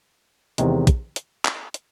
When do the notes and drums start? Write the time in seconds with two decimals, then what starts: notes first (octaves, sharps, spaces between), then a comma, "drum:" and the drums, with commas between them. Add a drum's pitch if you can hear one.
0.58 E2 C3 D#3 G#3, drum: hi-hat
0.87 drum: kick, hi-hat
1.16 drum: hi-hat
1.45 drum: clap
1.74 drum: hi-hat